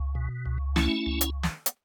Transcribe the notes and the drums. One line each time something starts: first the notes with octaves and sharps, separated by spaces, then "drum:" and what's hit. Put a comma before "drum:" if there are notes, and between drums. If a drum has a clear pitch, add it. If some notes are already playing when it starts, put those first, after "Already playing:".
Already playing: C#2
B2
C#2
A3 C#4 E4, drum: snare
C#2
drum: hi-hat
drum: snare
drum: hi-hat